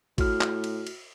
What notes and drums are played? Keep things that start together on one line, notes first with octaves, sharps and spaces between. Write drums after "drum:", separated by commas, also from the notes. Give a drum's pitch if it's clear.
A2 F#4 F6, drum: kick A1, cymbal
drum: clap
drum: cymbal
drum: cymbal